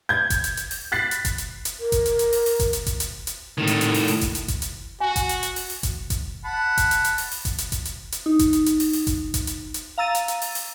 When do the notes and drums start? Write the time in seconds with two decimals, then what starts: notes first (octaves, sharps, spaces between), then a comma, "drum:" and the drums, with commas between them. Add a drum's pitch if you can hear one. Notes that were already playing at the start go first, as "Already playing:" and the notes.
0.09 G6 G#6
0.30 drum: kick F#1, hi-hat
0.44 drum: hi-hat
0.57 drum: hi-hat
0.71 drum: open hi-hat
0.92 B5 F#6 A6 B6 C7
1.11 drum: hi-hat
1.25 drum: kick F#1, hi-hat
1.38 drum: hi-hat
1.65 drum: hi-hat
1.80 A#4
1.92 drum: kick F#1, hi-hat
2.06 drum: hi-hat
2.19 drum: hi-hat
2.33 drum: open hi-hat
2.46 drum: open hi-hat
2.60 drum: kick F#1, hi-hat
2.73 drum: hi-hat
2.86 drum: kick F#1, hi-hat
3.00 drum: hi-hat
3.27 drum: hi-hat
3.58 A2 D#3
3.67 drum: hi-hat
3.81 drum: hi-hat
3.94 drum: open hi-hat
4.08 drum: open hi-hat
4.21 drum: kick F#1, hi-hat
4.35 drum: hi-hat
4.48 drum: kick F#1, hi-hat
4.62 drum: hi-hat
5.00 F#4 G#5
5.16 drum: kick F#1, hi-hat
5.29 drum: hi-hat
5.43 drum: hi-hat
5.56 drum: open hi-hat
5.70 drum: open hi-hat
5.83 drum: kick F#1, hi-hat
6.10 drum: kick F#1, hi-hat
6.45 F#5 A5 B5
6.78 drum: kick F#1, hi-hat
6.91 drum: hi-hat
7.05 drum: hi-hat
7.18 drum: open hi-hat
7.31 drum: open hi-hat
7.45 drum: kick F#1, hi-hat
7.58 drum: hi-hat
7.72 drum: kick F#1, hi-hat
7.85 drum: hi-hat
8.12 drum: hi-hat
8.26 D#4
8.39 drum: kick F#1, hi-hat
8.53 drum: hi-hat
8.66 drum: hi-hat
8.80 drum: open hi-hat
8.93 drum: open hi-hat
9.07 drum: kick F#1, hi-hat
9.34 drum: kick F#1, hi-hat
9.47 drum: hi-hat
9.74 drum: hi-hat
9.98 F5 A#5 E6 A6 D#7
10.15 drum: hi-hat
10.28 drum: hi-hat
10.42 drum: open hi-hat
10.55 drum: open hi-hat